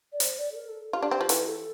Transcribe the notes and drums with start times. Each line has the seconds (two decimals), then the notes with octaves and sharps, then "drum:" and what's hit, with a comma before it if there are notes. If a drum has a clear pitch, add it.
0.12 D5
0.20 C5, drum: hi-hat
0.38 D5
0.52 A4
0.56 A#4
0.68 A4
0.93 F4 G4
1.02 D4
1.11 C4
1.21 F3
1.29 E3 A4, drum: hi-hat
1.44 G4
1.48 A4